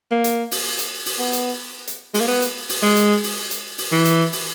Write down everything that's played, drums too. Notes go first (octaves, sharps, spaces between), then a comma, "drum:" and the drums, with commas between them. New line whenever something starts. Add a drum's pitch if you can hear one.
A#3
drum: hi-hat
drum: open hi-hat
drum: hi-hat
drum: open hi-hat
B3
drum: hi-hat
drum: hi-hat
G#3, drum: open hi-hat
A#3
B3
drum: hi-hat
drum: open hi-hat
G#3
drum: hi-hat
drum: open hi-hat
drum: hi-hat
drum: open hi-hat
E3
drum: hi-hat
drum: open hi-hat